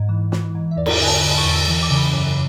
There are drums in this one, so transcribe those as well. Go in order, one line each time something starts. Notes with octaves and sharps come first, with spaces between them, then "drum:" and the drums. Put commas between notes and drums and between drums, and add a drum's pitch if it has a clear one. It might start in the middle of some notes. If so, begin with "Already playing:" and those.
Already playing: G#2
E3
E3, drum: snare
G#2
E5
E2 D5
drum: cymbal
D3 G#5
A5
D3 B5
C#6
E2
E6
E3 E6
D6
C#3
B5
F#2